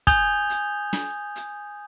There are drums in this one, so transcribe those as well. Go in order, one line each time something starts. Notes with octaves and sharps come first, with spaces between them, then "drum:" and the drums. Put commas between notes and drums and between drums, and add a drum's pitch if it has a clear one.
G#5 D#6 G6 G#6 F7 G7, drum: kick, hi-hat
drum: hi-hat
drum: snare
drum: hi-hat